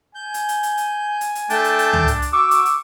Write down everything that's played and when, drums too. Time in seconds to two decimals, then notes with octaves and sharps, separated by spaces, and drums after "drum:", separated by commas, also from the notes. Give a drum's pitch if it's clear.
0.15 G#5 G6
0.34 drum: hi-hat
0.49 drum: hi-hat
0.63 drum: hi-hat
0.77 drum: hi-hat
1.21 drum: hi-hat
1.35 drum: hi-hat
1.50 A3 D4 G5 A5, drum: hi-hat
1.64 drum: hi-hat
1.79 drum: hi-hat
1.93 drum: tom C#2
2.08 drum: hi-hat
2.22 drum: hi-hat
2.33 F#4 C#6 D6 E6
2.51 drum: hi-hat
2.66 drum: hi-hat